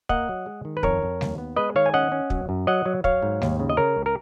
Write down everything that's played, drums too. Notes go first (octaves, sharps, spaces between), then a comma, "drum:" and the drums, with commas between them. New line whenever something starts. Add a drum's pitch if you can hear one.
A#3 D#5 F#5, drum: kick
F#3
G#3
D#3
B4
F2 A#4 C#5, drum: kick
F2
D#2, drum: snare G3
B3
G#3 B4 D#5
D#3 C#5 F5
G#5
C#4 D#5 F#5
C#4
F#3, drum: kick
F#2
F#3 D#5 F#5
F#3
F#3 C#5 F5, drum: kick
G#2
D#2, drum: snare G3
C#3
D#5
C#3 A#4 C#5
C#2
A#4